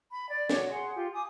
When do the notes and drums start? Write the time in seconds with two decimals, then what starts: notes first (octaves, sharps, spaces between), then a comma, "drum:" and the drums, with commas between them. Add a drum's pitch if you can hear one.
0.10 B5
0.29 D5
0.50 F#4 C#5 D6, drum: snare
0.70 G#4 F#5 C6
0.95 F4 G4
1.13 G#5 D6 D#6